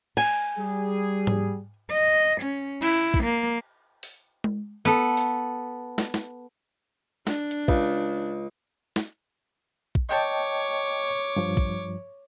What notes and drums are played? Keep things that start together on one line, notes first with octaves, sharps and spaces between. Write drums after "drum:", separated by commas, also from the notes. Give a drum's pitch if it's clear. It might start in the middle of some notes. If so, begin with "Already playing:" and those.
G#5, drum: cymbal
G3 G#4
drum: tom G#2
D#5
C#4, drum: hi-hat
E4, drum: cymbal
drum: kick
A#3
drum: open hi-hat
drum: tom G#3
B3 A4
drum: open hi-hat
drum: snare
drum: snare
D4, drum: snare
drum: hi-hat
C#2, drum: kick
drum: snare
drum: kick
C#5 D#5 G5 A5 D6
G2 F3
drum: kick